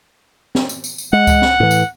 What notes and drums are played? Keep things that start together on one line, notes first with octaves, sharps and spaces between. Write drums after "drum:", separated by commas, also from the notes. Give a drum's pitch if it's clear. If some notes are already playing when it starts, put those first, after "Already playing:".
drum: snare
drum: tambourine
drum: tambourine
drum: tambourine
G#3 F#5
drum: kick C#2, tambourine
drum: snare
A2 E3
drum: tambourine